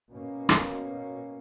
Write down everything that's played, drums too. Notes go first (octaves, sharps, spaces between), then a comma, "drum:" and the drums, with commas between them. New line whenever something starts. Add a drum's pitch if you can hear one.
B2 A#3 C#4
drum: rim click